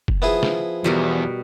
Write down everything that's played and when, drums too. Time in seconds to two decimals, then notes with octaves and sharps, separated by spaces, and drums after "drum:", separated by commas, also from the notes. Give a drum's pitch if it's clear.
0.08 drum: kick F1
0.22 F3 B3 E4 G#4
0.43 drum: snare
0.84 E2 B2 G3 A#4